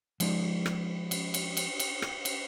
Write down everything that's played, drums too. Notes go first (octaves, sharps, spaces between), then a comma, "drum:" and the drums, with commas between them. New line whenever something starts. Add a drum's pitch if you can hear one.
F3 G#3 D#4 D5, drum: cymbal
drum: rim click
drum: cymbal
drum: cymbal
drum: cymbal
drum: cymbal
drum: rim click
drum: cymbal